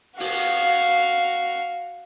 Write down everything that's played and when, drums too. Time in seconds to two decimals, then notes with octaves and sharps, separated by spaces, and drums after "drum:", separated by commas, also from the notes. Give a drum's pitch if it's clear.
0.20 F#4 F5, drum: open hi-hat